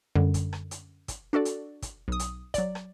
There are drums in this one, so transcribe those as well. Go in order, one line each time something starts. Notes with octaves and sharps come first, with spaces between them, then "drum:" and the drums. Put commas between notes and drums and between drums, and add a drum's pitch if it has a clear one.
F#2 D3 G3
drum: kick, hi-hat
drum: rim click
drum: hi-hat
drum: kick, hi-hat
D4 F#4 A4 D5
drum: hi-hat
drum: kick, hi-hat
B1 D#6
drum: hi-hat
F#3 D5, drum: kick, hi-hat
drum: rim click